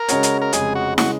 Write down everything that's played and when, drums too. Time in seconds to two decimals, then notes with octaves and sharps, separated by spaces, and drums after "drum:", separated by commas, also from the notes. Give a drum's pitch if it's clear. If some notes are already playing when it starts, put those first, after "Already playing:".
Already playing: A#4
0.08 C#3 G#3 C#4 F#4 C#5, drum: hi-hat
0.23 drum: hi-hat
0.42 A#4
0.53 F1 F2 C#3 G#3 G#4, drum: hi-hat
0.75 F#4
0.98 C#3 G#3 F#4, drum: snare